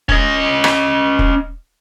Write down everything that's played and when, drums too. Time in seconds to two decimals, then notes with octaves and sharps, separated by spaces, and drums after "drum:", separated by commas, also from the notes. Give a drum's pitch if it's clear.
0.09 C#4 D#5, drum: kick
0.64 drum: rim click
1.19 drum: kick